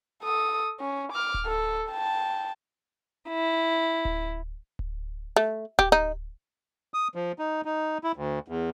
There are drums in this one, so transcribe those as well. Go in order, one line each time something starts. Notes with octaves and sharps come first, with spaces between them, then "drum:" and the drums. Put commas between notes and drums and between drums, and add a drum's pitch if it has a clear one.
A4 D#6
C#4
D6 F6
drum: kick D1
A4
G5 A5
E4
drum: kick D1
drum: kick D1
A3
G4, drum: kick D1
D#4
D#6
F3
D#4
D#4
E4
D2
E2